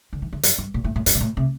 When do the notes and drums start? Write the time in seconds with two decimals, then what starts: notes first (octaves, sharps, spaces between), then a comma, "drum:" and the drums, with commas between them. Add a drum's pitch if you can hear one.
0.13 D3
0.22 D#3
0.33 D3
0.43 F#2, drum: hi-hat
0.58 G2
0.74 A#2
0.84 A2
0.96 A2
1.06 G2, drum: hi-hat
1.15 A#2
1.21 A2
1.37 C3